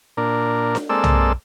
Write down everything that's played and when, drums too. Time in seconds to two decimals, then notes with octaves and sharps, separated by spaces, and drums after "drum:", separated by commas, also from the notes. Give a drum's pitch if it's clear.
0.17 A#2 D4 A#4
0.75 drum: snare D4
0.89 G#3 A#3 C4 A4 D5 E6
1.04 drum: tom